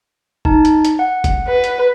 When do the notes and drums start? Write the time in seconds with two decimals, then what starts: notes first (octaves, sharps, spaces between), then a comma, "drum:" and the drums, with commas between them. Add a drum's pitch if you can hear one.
0.45 D#4 A5, drum: kick
0.65 drum: hi-hat
0.85 drum: hi-hat
0.99 F#5
1.24 drum: kick, hi-hat
1.48 B4
1.64 drum: hi-hat